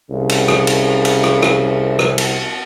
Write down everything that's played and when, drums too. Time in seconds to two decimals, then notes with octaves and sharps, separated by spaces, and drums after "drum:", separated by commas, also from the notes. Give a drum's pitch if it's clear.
0.11 C2 C#3
0.29 drum: cymbal
0.48 drum: rim click
0.67 drum: cymbal
1.05 drum: cymbal
1.24 drum: rim click
1.42 drum: rim click
1.99 drum: rim click
2.18 drum: cymbal